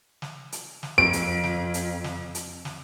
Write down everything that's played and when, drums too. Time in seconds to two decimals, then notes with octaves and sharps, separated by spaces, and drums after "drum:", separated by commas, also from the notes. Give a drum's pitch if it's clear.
0.22 drum: snare
0.52 drum: hi-hat
0.83 drum: snare
0.98 F2 D7
1.13 drum: hi-hat
1.44 drum: snare
1.74 drum: hi-hat
2.04 drum: snare
2.35 drum: hi-hat
2.65 drum: snare